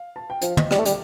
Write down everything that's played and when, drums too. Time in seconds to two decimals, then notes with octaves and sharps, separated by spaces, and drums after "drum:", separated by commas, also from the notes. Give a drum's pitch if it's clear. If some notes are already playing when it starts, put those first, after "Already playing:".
Already playing: F5
0.16 A5
0.30 G5
0.42 F3 F5, drum: hi-hat
0.57 D#5, drum: tom
0.71 G3 D5, drum: rim click
0.78 A3
0.85 G3, drum: hi-hat